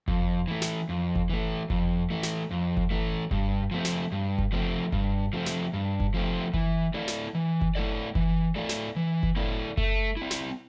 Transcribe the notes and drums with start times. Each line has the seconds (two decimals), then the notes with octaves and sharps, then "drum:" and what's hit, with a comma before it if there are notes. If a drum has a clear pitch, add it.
0.08 F2, drum: kick F#1
0.48 E3 A3
0.62 drum: snare
0.89 F2
1.15 drum: kick F#1
1.30 E3 A3
1.70 F2, drum: kick F#1
2.10 E3 A3
2.23 drum: snare
2.51 F2
2.77 drum: kick F#1
2.91 E3 A3
3.31 G2, drum: kick F#1
3.71 F3 A3 C4
3.85 drum: snare
4.12 G2
4.38 drum: kick F#1
4.52 F3 A3 C4
4.92 G2, drum: kick F#1
5.33 F3 A3 C4
5.46 drum: snare
5.73 G2
6.00 drum: kick F#1
6.14 F3 A3 C4
6.54 E3, drum: kick F#1
6.94 A3 E4 A4 D5
7.08 drum: snare
7.35 E3
7.61 drum: kick F#1
7.75 A3 E4 A4 D5
8.15 E3, drum: kick F#1
8.56 A3 E4 A4 D5
8.69 drum: snare
8.96 E3
9.23 drum: kick F#1
9.36 A3 E4 A4 D5
9.77 A3, drum: kick F#1
10.17 C4 E4
10.31 drum: snare